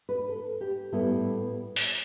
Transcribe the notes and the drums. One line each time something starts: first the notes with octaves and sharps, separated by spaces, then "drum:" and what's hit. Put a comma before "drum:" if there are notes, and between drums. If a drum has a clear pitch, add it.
B4
A4
G4
A2 G3 B3 E4 A4
drum: open hi-hat